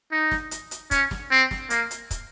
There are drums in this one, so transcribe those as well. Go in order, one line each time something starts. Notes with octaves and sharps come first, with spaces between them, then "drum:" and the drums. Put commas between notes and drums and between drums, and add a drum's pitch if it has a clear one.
D#4
drum: snare
drum: hi-hat
drum: hi-hat
C#4, drum: kick, hi-hat
drum: snare
C4
drum: snare
A#3, drum: hi-hat
drum: hi-hat
drum: kick, hi-hat